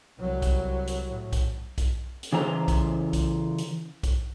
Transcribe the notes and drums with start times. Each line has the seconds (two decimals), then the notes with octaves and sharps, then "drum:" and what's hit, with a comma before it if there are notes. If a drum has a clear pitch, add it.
0.20 C2 F#3
0.42 drum: kick B1, hi-hat
0.87 drum: hi-hat
1.10 A2
1.33 drum: kick B1, hi-hat
1.78 drum: kick B1, hi-hat
2.23 drum: hi-hat
2.33 C#3 E3 C5 A#5
2.68 drum: kick B1, hi-hat
3.13 drum: kick B1, hi-hat
3.58 drum: hi-hat
4.03 drum: kick B1, hi-hat